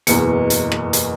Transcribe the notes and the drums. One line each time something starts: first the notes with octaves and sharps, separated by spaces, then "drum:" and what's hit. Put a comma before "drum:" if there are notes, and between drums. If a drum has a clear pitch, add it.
F#1 E2 B2 C#7, drum: hi-hat
drum: hi-hat
drum: rim click
drum: hi-hat